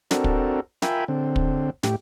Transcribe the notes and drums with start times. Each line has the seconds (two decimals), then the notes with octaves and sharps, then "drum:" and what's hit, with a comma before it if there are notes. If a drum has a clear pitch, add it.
0.11 C4 D4 F#4 A4 A#4, drum: snare
0.24 drum: kick
0.82 F4 A#4 E5 G5 G#5 B5, drum: snare
1.08 D3 C4
1.36 drum: kick
1.83 A2 G4, drum: snare